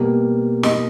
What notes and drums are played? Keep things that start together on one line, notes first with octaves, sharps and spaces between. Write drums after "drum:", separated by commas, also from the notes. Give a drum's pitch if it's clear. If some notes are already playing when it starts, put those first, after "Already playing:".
Already playing: B2 G3 A#3
D#5, drum: snare